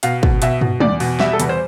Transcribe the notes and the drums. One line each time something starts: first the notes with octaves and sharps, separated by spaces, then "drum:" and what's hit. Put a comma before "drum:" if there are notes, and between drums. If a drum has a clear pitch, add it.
B2 F5, drum: hi-hat
B2, drum: kick
B2 E5, drum: hi-hat
B2, drum: tom
E2 D5, drum: tom
B2, drum: open hi-hat
G3 E5, drum: snare
A4
E2 B4, drum: hi-hat
C5